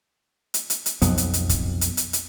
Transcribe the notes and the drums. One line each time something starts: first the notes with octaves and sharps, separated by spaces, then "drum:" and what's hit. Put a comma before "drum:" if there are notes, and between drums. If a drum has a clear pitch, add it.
drum: hi-hat
drum: hi-hat
drum: hi-hat
B1 F2 B3, drum: hi-hat
drum: hi-hat
drum: hi-hat
drum: kick, hi-hat
drum: hi-hat
drum: hi-hat
drum: hi-hat